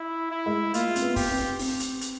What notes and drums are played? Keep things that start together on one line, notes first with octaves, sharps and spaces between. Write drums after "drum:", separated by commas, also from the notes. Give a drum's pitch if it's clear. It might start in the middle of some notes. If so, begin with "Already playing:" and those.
Already playing: E4
E4
G#3
A#3 F4, drum: hi-hat
C4, drum: hi-hat
B3
G4, drum: kick, open hi-hat
C4
C4, drum: open hi-hat
drum: hi-hat
drum: hi-hat